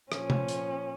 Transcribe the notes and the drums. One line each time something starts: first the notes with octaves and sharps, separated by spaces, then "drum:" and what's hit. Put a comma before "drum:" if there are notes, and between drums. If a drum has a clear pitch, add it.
A#2 F3 C#4, drum: rim click
drum: tom C3
drum: hi-hat